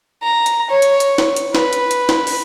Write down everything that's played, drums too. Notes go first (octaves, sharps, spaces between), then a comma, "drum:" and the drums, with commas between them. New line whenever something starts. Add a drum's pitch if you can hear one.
A#5
drum: hi-hat
C#5
drum: hi-hat
drum: hi-hat
drum: snare
drum: hi-hat
B4, drum: snare
drum: hi-hat
drum: hi-hat
drum: snare
drum: open hi-hat